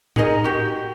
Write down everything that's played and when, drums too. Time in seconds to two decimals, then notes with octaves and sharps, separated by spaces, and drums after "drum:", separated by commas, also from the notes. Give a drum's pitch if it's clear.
0.16 D#4 G#4 A#4 D#5, drum: tom A2
0.44 F#4 G4